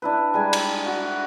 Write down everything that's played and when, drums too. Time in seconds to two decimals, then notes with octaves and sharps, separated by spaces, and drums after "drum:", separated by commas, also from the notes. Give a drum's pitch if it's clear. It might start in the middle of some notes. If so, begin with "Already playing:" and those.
0.02 D4 E4 B4
0.34 G3 G#3 G#5 A#5
0.53 drum: cymbal
0.86 F#4 F#5